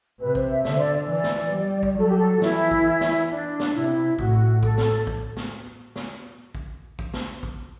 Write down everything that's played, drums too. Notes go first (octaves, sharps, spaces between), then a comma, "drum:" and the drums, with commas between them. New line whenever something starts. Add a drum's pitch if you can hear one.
C3 B4
C5, drum: kick
E5
D3 E5, drum: snare
C5
D5
D5
E3 D5
drum: snare
G3
drum: kick
F#3 A4
G4
A4
F#4
E3 E4, drum: snare
drum: kick
drum: snare
D4
drum: snare
C3 E4
A2 F#4, drum: kick
A4, drum: kick
drum: snare
drum: kick
drum: snare
drum: snare
drum: kick
drum: kick
drum: snare
drum: kick